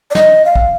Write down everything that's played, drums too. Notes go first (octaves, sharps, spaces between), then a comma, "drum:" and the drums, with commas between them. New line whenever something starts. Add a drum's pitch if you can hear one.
D5
D#5, drum: snare
F5
drum: kick